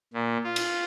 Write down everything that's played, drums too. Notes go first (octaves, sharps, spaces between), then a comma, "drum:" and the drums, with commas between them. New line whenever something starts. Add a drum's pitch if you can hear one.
A#2
F4
drum: cymbal